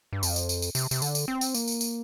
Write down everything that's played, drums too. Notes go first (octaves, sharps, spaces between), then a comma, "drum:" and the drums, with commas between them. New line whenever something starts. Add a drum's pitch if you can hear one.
G2
F2, drum: tambourine
drum: tambourine
drum: tambourine
drum: tambourine
C3, drum: tambourine
C3, drum: tambourine
D3, drum: tambourine
drum: tambourine
C4
drum: tambourine
A#3, drum: tambourine
drum: tambourine
drum: tambourine